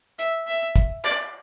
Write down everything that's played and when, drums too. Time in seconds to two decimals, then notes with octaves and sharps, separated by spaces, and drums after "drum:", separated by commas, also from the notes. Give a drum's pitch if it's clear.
0.19 E5, drum: hi-hat
0.47 E5
0.76 drum: kick, hi-hat
1.04 D5, drum: clap